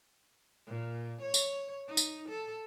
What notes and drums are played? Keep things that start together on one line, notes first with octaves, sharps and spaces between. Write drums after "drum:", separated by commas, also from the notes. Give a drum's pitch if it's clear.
A#2
C#5
drum: tambourine
D#4
drum: tambourine
A4